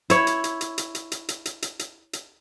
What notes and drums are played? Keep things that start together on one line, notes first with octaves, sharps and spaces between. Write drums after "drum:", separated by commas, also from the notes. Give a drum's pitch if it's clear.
E4 C#5, drum: hi-hat
drum: hi-hat
drum: hi-hat
drum: hi-hat
drum: hi-hat
drum: hi-hat
drum: hi-hat
drum: hi-hat
drum: hi-hat
drum: hi-hat
drum: hi-hat
drum: hi-hat